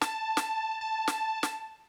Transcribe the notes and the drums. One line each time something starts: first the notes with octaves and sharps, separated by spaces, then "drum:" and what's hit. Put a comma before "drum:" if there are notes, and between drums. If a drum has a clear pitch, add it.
A5, drum: snare
drum: snare
A5
drum: snare
drum: snare